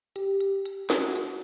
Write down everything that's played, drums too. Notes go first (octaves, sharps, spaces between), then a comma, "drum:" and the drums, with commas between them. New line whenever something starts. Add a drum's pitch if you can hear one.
G4, drum: hi-hat
drum: hi-hat
drum: hi-hat
F#4, drum: snare
drum: hi-hat